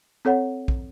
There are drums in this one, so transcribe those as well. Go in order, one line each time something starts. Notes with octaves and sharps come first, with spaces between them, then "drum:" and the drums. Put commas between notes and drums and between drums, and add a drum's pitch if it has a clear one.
C4 A4 C#5 F#5
drum: kick A#1